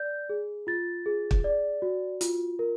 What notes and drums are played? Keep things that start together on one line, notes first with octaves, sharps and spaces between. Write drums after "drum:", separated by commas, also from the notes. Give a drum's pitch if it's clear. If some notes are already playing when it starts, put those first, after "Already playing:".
Already playing: D5 G6
G#4
F4 A6
G#4
drum: kick
D5
F#4
F4, drum: hi-hat
A#4